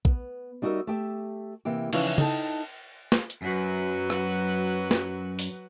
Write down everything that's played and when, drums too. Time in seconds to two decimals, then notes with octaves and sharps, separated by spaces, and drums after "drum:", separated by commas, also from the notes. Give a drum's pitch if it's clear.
0.05 B3, drum: kick
0.62 G3 D#4 F#4 G#4 A#4 E5
0.87 A3 G4 E5
1.65 C3 E3 A#3 G4
1.93 C#3 E3 F3 C#4 D#4 E4, drum: cymbal
2.18 D#4 E4 A4 G5 A5, drum: tom C#3
3.12 drum: snare
3.30 drum: hi-hat
3.42 F#2 F#3 F#4 B4
4.10 drum: rim click
4.91 drum: snare
5.39 drum: open hi-hat